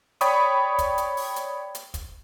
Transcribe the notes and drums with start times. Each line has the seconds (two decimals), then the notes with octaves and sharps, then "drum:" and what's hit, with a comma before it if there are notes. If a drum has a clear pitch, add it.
0.21 C#5 D5 G5 B5 C#6 D#6, drum: hi-hat
0.78 drum: kick, hi-hat
0.98 drum: hi-hat
1.17 drum: open hi-hat
1.36 drum: hi-hat
1.75 drum: hi-hat
1.94 drum: kick, hi-hat